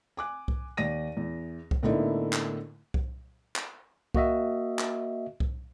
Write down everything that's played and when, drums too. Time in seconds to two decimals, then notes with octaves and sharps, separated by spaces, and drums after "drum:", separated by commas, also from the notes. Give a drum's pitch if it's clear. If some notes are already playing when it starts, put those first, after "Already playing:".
0.17 G#5 D6 F#6
0.48 drum: kick C2
0.77 D#2 D5 A#6 D#7
1.17 E2
1.71 drum: kick C2
1.83 A2 D3 A#3 B3 D#4 E4
2.33 drum: clap
2.94 drum: kick C2
3.56 drum: clap
4.14 A#3 F#4 D#5 E5, drum: kick C2
4.79 drum: clap
5.40 drum: kick C2